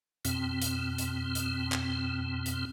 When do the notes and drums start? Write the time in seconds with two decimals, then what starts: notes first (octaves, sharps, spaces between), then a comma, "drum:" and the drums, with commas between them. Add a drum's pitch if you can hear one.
0.25 F2 B2 C4, drum: hi-hat
0.62 drum: hi-hat
0.98 drum: hi-hat
1.35 drum: hi-hat
1.72 drum: clap
2.46 drum: hi-hat